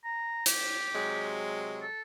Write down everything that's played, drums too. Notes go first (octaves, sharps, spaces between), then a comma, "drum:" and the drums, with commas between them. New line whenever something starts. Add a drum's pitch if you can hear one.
A#5
G4, drum: hi-hat
C3 F#3 G#3
A4